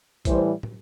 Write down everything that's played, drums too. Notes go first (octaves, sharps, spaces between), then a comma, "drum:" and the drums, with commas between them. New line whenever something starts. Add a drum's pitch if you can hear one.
A2 E3 G3 C5, drum: kick, hi-hat
drum: tom